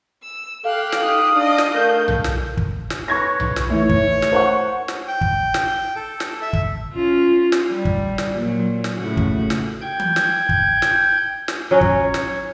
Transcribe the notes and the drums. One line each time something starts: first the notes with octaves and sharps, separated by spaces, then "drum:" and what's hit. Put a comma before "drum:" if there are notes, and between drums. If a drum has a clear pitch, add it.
E6
G4 A4 F5 F#6
drum: snare
D#4 D#6
D4 D5 D#5
drum: snare
A3 A#4 G6
drum: tom B1
drum: snare
drum: kick
drum: snare
B4 C#5 C6 C#6 G#6 A#6
drum: tom B1
drum: snare
E3 A3 C#5
drum: kick
drum: snare
C5 F#5 C#6
drum: snare
G5
drum: kick
drum: snare
A4
drum: snare
E5
drum: kick
C#4 F4
drum: snare
G3
drum: kick
drum: snare
A#2 F#3
drum: snare
A2 C#3 F#4
drum: kick
drum: snare
G5 G6 G#6
drum: tom E3
drum: snare
drum: kick
drum: snare
drum: snare
F#3 C#4 C#5 D#5
drum: kick
drum: snare